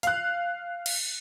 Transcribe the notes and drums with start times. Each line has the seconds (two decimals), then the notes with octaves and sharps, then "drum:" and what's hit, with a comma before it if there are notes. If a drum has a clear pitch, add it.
0.03 F5 F#6, drum: hi-hat
0.86 drum: cymbal